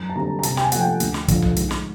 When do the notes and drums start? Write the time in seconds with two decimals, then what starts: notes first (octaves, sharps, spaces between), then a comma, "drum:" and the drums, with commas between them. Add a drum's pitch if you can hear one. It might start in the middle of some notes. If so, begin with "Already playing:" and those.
Already playing: F#2 A#5
0.10 A5
0.16 D3 G3 C4 A#5
0.39 A#5
0.43 C3 A5, drum: hi-hat
0.57 G5, drum: snare
0.63 G#5
0.72 F3 A3 F#5, drum: hi-hat
0.81 G5
1.00 D2, drum: hi-hat
1.14 drum: snare
1.28 D3 F3, drum: kick, hi-hat
1.42 drum: tom B1
1.56 G#2, drum: hi-hat
1.71 drum: snare